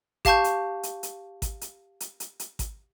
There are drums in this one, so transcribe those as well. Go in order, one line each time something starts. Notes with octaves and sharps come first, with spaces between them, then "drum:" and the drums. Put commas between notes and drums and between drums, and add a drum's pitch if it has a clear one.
G4 F5 A5 C#6 G6, drum: kick G#1, hi-hat
drum: hi-hat
drum: hi-hat
drum: hi-hat
drum: kick G#1, hi-hat
drum: hi-hat
drum: hi-hat
drum: hi-hat
drum: hi-hat
drum: kick G#1, hi-hat